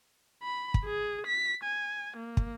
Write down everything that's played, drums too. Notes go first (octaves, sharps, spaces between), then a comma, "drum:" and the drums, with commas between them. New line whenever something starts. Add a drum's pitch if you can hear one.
B5
drum: kick
G#4
B6
G#5
A#3
drum: kick